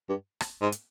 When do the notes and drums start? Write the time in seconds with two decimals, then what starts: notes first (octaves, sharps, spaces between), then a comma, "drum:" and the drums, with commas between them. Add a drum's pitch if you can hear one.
0.09 G2
0.41 drum: rim click
0.62 G#2
0.72 drum: hi-hat